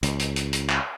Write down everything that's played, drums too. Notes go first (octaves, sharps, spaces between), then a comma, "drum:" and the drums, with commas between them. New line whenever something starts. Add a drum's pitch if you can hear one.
C#2, drum: hi-hat
drum: hi-hat
drum: hi-hat
drum: hi-hat
drum: clap